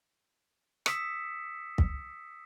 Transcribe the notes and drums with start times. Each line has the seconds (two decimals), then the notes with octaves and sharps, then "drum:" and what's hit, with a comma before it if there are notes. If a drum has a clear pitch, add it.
0.86 D#6 E6 B6 C#7 E7, drum: rim click
1.78 drum: kick